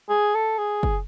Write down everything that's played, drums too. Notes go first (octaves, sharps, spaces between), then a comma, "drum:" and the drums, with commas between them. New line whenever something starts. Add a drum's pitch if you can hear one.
G#4
A4
G#4
drum: kick